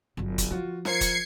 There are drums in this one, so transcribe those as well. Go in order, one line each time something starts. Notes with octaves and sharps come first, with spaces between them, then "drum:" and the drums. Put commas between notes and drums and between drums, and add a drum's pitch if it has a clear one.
G1 F#3
drum: kick, hi-hat
F3 F4 F#4
F4 A#4 C5 G#6 C7 C#7, drum: snare
drum: kick, hi-hat